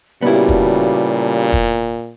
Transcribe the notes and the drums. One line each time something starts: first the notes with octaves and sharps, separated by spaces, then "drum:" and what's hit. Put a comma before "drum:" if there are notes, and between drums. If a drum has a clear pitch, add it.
A#2 C#3 G3 B3 E4 F#4 G4 A5
drum: kick
drum: kick